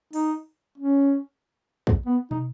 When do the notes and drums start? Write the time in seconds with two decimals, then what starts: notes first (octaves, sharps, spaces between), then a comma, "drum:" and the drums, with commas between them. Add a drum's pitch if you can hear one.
0.13 D#4, drum: open hi-hat
0.78 C#4
1.87 drum: kick
2.06 B3
2.31 D#4, drum: tom